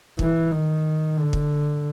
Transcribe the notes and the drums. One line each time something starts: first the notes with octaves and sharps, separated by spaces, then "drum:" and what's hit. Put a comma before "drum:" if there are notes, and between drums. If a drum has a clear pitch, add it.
E3, drum: kick
D#3
D3
drum: kick